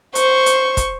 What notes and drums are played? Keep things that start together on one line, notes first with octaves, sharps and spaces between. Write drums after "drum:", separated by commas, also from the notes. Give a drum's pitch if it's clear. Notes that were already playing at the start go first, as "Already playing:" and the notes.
C5 C#6, drum: hi-hat
drum: hi-hat
drum: kick, hi-hat